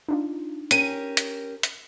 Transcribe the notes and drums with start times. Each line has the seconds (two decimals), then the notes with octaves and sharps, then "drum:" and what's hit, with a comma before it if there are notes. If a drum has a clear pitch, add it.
0.09 D4 D#4 F4
0.71 C#4 G4 A#4 D#7, drum: hi-hat
1.17 drum: hi-hat
1.63 drum: hi-hat